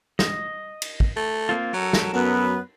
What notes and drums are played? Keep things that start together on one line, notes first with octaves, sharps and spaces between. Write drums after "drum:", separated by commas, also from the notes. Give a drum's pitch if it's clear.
D#5, drum: snare
drum: cymbal
drum: kick
A3
A#3 C4 F4
F#3 A4 A#4
drum: snare
F#2 F#3 B3 B4